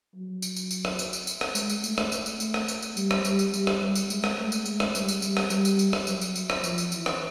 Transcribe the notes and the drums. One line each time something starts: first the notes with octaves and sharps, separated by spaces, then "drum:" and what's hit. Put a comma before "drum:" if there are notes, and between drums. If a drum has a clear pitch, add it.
F#3
drum: tambourine
drum: tambourine
drum: tambourine
drum: rim click
drum: tambourine
drum: tambourine
drum: tambourine
drum: rim click
G#3, drum: tambourine
drum: tambourine
A3, drum: tambourine
drum: rim click
drum: tambourine
drum: tambourine
A3, drum: tambourine
drum: rim click
drum: tambourine
drum: tambourine
G3, drum: tambourine
drum: rim click
G3, drum: tambourine
drum: tambourine
G3, drum: tambourine
drum: rim click
G3
drum: tambourine
G#3, drum: tambourine
drum: rim click
A3
drum: tambourine
G#3, drum: tambourine
drum: rim click
G3, drum: tambourine
drum: tambourine
G3, drum: tambourine
drum: rim click
G3, drum: tambourine
drum: tambourine
drum: tambourine
drum: rim click
F#3, drum: tambourine
drum: tambourine
drum: tambourine
drum: rim click
F3, drum: tambourine
drum: tambourine
E3, drum: tambourine
drum: rim click